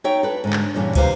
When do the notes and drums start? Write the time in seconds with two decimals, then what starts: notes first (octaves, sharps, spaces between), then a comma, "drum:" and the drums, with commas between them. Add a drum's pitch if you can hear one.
0.04 D#4 C#5 E5 G5
0.23 A4 B4
0.44 G#2 D3
0.53 drum: clap
0.75 G2 A#2 C#3 E3
0.95 C3 D#3 G4 B4 C5 F5, drum: kick, cymbal